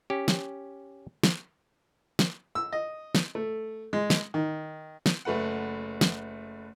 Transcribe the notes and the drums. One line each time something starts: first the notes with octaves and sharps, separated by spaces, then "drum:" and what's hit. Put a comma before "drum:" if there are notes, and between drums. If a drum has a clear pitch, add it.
C#4 G4
drum: snare
drum: snare
drum: snare
E6
D#5
drum: snare
A3
G#3
drum: snare
D#3
drum: snare
F#1 A3 B4 F#5
drum: snare